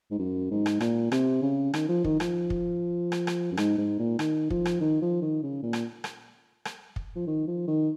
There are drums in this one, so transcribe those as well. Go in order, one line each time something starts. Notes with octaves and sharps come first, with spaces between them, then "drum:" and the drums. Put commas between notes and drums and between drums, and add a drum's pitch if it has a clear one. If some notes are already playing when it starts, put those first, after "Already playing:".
G#2
F#2
G#2
drum: rim click
A#2, drum: rim click
C3, drum: rim click
C#3
D#3, drum: rim click
F3
D#3, drum: kick
F3, drum: rim click
drum: kick
drum: rim click
drum: rim click
F#2
G#2, drum: rim click
G#2
A#2
D#3, drum: rim click
F3, drum: kick
drum: rim click
D#3
F3
D#3
C#3
A#2
drum: rim click
drum: rim click
drum: rim click
drum: kick
F3
D#3
F3
D#3